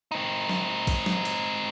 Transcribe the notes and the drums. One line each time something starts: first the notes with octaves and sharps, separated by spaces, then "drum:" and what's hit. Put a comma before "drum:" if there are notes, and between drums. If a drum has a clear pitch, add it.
C4 D#4
drum: snare
drum: kick A#1, cymbal
drum: snare
drum: cymbal